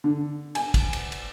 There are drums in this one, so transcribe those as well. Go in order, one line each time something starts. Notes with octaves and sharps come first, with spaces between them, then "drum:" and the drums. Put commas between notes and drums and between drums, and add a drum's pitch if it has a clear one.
D3
G#5, drum: cymbal
drum: kick, cymbal
drum: cymbal
drum: cymbal